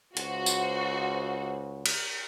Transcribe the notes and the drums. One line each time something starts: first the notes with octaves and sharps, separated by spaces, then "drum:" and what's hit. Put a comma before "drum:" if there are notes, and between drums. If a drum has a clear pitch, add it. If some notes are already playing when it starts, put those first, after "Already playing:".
C#2 F#4 C5, drum: hi-hat
drum: tambourine
drum: cymbal